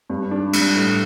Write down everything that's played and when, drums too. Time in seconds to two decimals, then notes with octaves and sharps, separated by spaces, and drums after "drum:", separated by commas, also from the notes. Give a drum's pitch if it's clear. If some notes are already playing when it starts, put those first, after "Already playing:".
0.10 G2
0.31 D4
0.53 G3, drum: cymbal
0.75 A2